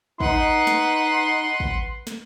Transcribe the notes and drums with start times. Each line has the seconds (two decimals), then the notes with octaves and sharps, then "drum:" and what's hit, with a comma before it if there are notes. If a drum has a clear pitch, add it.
0.20 D#4 B4 F#5 C6, drum: kick
0.67 drum: snare
1.60 drum: kick
2.07 drum: snare